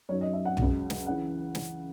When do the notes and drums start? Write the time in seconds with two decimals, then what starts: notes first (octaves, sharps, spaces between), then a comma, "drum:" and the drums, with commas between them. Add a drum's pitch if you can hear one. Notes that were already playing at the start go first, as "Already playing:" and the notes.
0.09 F#2 D#3 F#3 C#5
0.21 D#5
0.33 E5
0.45 F#5
0.57 C#2 C#3 F#3, drum: tom B1
0.90 drum: snare
1.06 C#3 E3 F#5
1.55 drum: snare